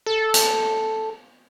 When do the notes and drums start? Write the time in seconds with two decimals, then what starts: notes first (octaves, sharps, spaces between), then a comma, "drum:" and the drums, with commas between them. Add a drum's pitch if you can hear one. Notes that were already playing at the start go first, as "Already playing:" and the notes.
0.06 A4
0.34 drum: hi-hat